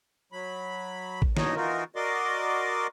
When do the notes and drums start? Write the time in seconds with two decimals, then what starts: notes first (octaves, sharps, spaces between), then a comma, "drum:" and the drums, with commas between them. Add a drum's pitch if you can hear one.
0.32 F#3 B5
1.22 drum: kick A1
1.37 G2 B2 D#4 C#5 D#5, drum: snare
1.56 E3 D#4 F4 F#4 A#4
1.96 F#4 A#4 D5 D#5 C6 D6